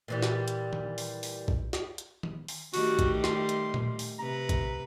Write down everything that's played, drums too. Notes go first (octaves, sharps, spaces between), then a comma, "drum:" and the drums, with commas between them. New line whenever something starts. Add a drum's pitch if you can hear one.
A#2 E3 G3
drum: snare
drum: hi-hat
drum: tom D#3
drum: open hi-hat
drum: open hi-hat
drum: kick A#1
drum: snare
drum: hi-hat
drum: tom D#3
drum: open hi-hat
D#3 G3 A3 F#4, drum: open hi-hat
drum: kick A#1, hi-hat
C6, drum: snare
drum: hi-hat
drum: tom A#2
drum: open hi-hat
C3 B4 A#5
drum: kick A#1, hi-hat